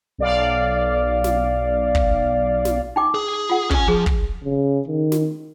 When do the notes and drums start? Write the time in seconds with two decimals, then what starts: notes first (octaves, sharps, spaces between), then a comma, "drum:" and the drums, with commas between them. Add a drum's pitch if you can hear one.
0.18 B1 D5 F5
1.24 drum: snare
1.95 drum: kick
2.65 drum: snare
2.96 D#4 G5 D6
3.14 G#4
3.49 F4 F#5
3.71 C#4 G#5, drum: kick
3.88 F3 G#4
4.06 drum: kick
4.45 C#3
4.88 D#3
5.12 drum: snare